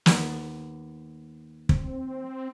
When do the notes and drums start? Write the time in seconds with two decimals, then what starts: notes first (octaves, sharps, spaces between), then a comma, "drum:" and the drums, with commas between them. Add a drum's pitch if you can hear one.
0.06 D#2 B3, drum: snare
1.69 C4, drum: kick